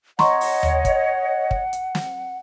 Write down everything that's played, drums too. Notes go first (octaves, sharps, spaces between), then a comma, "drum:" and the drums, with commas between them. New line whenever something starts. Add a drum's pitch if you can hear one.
C#5 D#5 F#5 A#5 C6 C#6, drum: snare
drum: open hi-hat
drum: tom D#2
drum: kick, hi-hat
drum: kick
drum: hi-hat
drum: snare